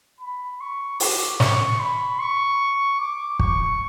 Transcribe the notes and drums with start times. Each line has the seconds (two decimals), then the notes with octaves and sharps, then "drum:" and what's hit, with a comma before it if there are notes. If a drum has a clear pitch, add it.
0.21 B5
0.61 C#6
1.00 D6, drum: open hi-hat
1.40 C#6, drum: snare
1.80 B5
2.20 C#6
2.99 D6
3.39 C#6, drum: kick